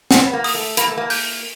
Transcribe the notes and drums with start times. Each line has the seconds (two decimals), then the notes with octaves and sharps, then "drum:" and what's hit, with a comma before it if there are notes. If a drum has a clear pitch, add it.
0.11 C4 F#5, drum: snare
0.22 B3
0.33 A#3
0.44 D#6, drum: open hi-hat
0.55 A3
0.77 A#3 B5, drum: hi-hat
0.88 A3
0.97 A#3
1.10 G6, drum: open hi-hat